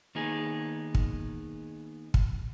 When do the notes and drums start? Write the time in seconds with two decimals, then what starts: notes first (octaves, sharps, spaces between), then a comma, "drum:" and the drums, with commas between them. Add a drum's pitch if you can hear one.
0.15 D#3 A#3 B3 D#4 G#4
0.95 drum: kick
2.14 drum: kick